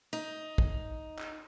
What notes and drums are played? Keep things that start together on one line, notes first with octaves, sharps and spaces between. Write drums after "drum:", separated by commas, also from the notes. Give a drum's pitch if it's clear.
D#4
drum: kick
drum: clap